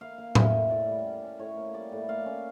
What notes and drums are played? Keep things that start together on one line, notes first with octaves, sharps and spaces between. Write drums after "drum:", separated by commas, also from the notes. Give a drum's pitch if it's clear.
A#3 F5
A#3 F5
G3 E5, drum: tom A2
A2
A2 D5
G3
C#4
C#4
A2 C#5
A#3
G3 D5
A2
A#3 F5
C#4